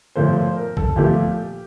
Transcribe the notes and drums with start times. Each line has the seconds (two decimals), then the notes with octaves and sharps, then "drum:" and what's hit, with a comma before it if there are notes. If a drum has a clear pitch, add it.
0.16 A#2 F3 A3 C5
0.36 C5
0.57 A#4
0.77 A4, drum: kick A#1
0.96 A#2 F3 A3 G4